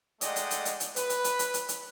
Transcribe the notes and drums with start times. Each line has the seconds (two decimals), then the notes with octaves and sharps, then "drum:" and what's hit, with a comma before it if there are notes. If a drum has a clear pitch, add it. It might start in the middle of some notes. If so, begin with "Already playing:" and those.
0.21 G#3 A3 D5 D#5 F#5 G5, drum: hi-hat
0.36 drum: hi-hat
0.51 drum: hi-hat
0.65 drum: hi-hat
0.80 drum: hi-hat
0.96 B4, drum: hi-hat
1.10 drum: hi-hat
1.24 drum: hi-hat
1.39 drum: hi-hat
1.54 drum: hi-hat
1.69 drum: hi-hat